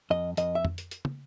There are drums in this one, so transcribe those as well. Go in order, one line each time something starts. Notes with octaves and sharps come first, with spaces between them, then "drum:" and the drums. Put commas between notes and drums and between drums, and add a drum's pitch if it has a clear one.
F2 D#5
F2 D#5, drum: hi-hat
E5
drum: tom
drum: hi-hat
drum: hi-hat
drum: tom